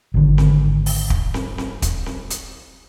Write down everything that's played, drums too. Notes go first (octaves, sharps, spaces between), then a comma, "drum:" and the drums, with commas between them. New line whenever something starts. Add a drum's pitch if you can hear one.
G#1 D3
drum: snare C4
drum: open hi-hat
drum: kick
drum: snare C4
drum: snare C4
drum: kick, hi-hat
drum: snare C4
drum: hi-hat